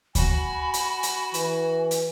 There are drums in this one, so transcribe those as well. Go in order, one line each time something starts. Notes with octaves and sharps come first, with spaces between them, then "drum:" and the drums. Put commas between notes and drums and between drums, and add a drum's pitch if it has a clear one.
F#4 G#5 B5, drum: kick D2, hi-hat
drum: hi-hat
drum: hi-hat
E3, drum: hi-hat
drum: hi-hat